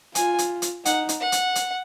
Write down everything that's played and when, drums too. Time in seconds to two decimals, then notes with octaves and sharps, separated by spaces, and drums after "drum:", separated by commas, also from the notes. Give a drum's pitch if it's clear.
0.15 F4 G#5, drum: hi-hat
0.39 drum: hi-hat
0.62 drum: hi-hat
0.85 D#4 F#5, drum: hi-hat
1.09 drum: hi-hat
1.20 F#5
1.32 drum: hi-hat
1.55 drum: hi-hat